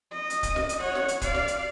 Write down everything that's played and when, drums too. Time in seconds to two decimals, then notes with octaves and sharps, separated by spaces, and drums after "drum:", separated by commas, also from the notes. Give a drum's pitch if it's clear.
0.11 D#5
0.30 drum: hi-hat
0.43 drum: kick C#1, hi-hat
0.56 drum: snare
0.69 drum: hi-hat
0.79 C#5 F#5
0.95 drum: snare
1.08 drum: hi-hat
1.21 D5 F5, drum: kick C#1, hi-hat
1.35 drum: snare
1.48 drum: hi-hat